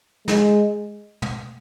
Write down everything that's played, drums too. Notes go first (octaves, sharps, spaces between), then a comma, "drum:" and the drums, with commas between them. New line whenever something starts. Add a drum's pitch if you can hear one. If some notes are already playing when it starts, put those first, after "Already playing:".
G#3, drum: snare
drum: tom